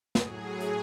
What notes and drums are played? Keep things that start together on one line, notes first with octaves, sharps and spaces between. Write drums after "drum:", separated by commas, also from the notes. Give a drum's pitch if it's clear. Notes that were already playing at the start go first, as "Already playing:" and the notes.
A2 F#3 G#4, drum: snare
drum: hi-hat